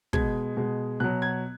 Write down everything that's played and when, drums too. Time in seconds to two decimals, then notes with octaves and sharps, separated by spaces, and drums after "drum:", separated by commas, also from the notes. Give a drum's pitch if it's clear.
0.13 B2 G#3 G#6, drum: kick
0.57 B2 G#3
1.00 B2 F#3 F#6
1.22 G#6